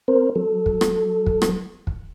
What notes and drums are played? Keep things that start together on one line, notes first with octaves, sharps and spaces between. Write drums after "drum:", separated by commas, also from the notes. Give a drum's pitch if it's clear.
C4 A#4 C5
F#3 A4
drum: kick
drum: rim click
drum: kick
drum: rim click
drum: kick